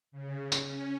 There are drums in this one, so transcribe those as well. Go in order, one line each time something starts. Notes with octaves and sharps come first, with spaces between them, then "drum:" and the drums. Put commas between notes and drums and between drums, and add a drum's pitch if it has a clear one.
C#3
drum: tambourine
C#4